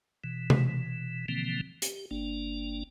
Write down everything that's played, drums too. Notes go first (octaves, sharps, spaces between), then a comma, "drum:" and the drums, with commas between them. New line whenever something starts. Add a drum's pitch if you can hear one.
B2 E3
drum: tom C3
B2 D3 E3 F3 A#3 C4
G4, drum: hi-hat
G1 A#3 D4